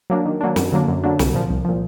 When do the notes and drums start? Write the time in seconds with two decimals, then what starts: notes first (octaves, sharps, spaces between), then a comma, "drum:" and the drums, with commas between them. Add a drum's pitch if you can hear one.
0.10 F#3 A#3 D4
0.26 D#3
0.41 F#3 A#3 D4
0.56 F#2, drum: snare
0.72 D3 F#3 A#3 D4
0.88 F#2
1.04 D3 F#3 A#3 D4
1.19 C2, drum: snare
1.34 A#2 F3
1.50 C2
1.65 A#2 F3